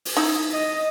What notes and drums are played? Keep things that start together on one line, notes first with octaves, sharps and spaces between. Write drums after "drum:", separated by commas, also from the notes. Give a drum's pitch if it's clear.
drum: open hi-hat
D#4 E4
D#5